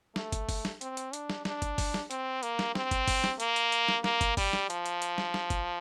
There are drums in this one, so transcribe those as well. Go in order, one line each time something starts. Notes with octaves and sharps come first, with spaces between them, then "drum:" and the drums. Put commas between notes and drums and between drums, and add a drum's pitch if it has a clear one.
A3, drum: snare
drum: kick, hi-hat
drum: kick, open hi-hat
drum: snare
C4, drum: hi-hat
drum: hi-hat
D4, drum: hi-hat
drum: snare
D4, drum: snare
drum: kick, hi-hat
drum: kick, open hi-hat
drum: snare
C4, drum: hi-hat
A#3, drum: hi-hat
drum: snare
C4, drum: snare
drum: kick, hi-hat
drum: kick, open hi-hat
drum: snare
A#3, drum: hi-hat
drum: hi-hat
drum: hi-hat
drum: snare
A#3, drum: snare
drum: kick, hi-hat
G3, drum: kick, open hi-hat
drum: snare
F3, drum: hi-hat
drum: hi-hat
drum: hi-hat
drum: snare
drum: snare
drum: kick, hi-hat